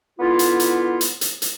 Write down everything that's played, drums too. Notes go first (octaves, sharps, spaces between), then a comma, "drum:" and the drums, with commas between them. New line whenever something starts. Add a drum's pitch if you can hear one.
D3 B3 E4 F4
drum: hi-hat
drum: hi-hat
drum: hi-hat
drum: hi-hat
drum: hi-hat